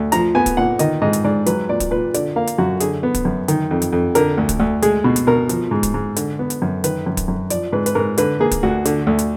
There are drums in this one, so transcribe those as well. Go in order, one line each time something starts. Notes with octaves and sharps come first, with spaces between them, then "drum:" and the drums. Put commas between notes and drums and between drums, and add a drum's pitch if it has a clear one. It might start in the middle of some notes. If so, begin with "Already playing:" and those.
Already playing: D2
F3 A#5, drum: hi-hat
B3 G#5
drum: kick, hi-hat
A#2 F#5
D#3 D#5, drum: hi-hat
G#2 D#5
drum: hi-hat
G#2 D5
F#3 B4, drum: hi-hat
A#2 D5
drum: kick, hi-hat
A#2 B4
D3 D5, drum: hi-hat
A#3 F5
drum: hi-hat
F#2 F#4
D3 G#4, drum: hi-hat
B3
drum: kick, hi-hat
F#2
D#3, drum: hi-hat
F2
drum: hi-hat
F2
D3 A#4, drum: hi-hat
D2
drum: kick, hi-hat
D2
G#3 G#4, drum: hi-hat
B2
drum: hi-hat
B2 A#4
F3, drum: hi-hat
G#2
drum: kick, hi-hat
G#2
D3, drum: hi-hat
B3
drum: hi-hat
F#2
D#3 B4, drum: hi-hat
F#2
drum: kick, hi-hat
F#2
F3 D5, drum: hi-hat
G#2 B4
B4, drum: hi-hat
G#2 A#4
D3 B4, drum: hi-hat
A#3 G#4
drum: kick, hi-hat
D2 F#4
D3, drum: hi-hat
D2
drum: hi-hat